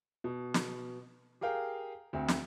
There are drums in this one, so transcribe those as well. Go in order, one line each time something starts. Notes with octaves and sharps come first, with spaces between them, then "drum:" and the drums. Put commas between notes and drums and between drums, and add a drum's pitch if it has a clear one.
B2
drum: snare
G4 G#4 A#4 F5 G5
D2 C4
drum: snare